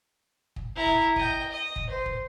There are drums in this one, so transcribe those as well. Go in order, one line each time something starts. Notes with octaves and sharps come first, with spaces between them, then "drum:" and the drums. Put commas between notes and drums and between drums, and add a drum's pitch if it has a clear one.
drum: kick
E4 A#5
drum: kick
D#5 G5, drum: kick
D#5
drum: kick
C5
drum: kick